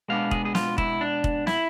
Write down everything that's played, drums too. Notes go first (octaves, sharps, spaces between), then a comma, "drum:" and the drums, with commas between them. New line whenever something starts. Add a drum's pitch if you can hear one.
B2 G#3 B3 D4 F5
G#4, drum: kick
G#4
F4, drum: snare
E4, drum: kick
D4
drum: kick
E4, drum: snare